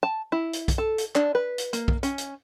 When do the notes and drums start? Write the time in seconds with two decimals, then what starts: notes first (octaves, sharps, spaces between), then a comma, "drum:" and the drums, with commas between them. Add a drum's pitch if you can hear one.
0.03 A5
0.32 E4
0.53 drum: hi-hat
0.68 drum: kick B1, hi-hat
0.78 A4
0.98 drum: hi-hat
1.15 D4, drum: clap
1.35 B4
1.58 drum: hi-hat
1.73 A#3, drum: hi-hat
1.88 drum: kick B1
2.03 C#4, drum: hi-hat
2.18 drum: hi-hat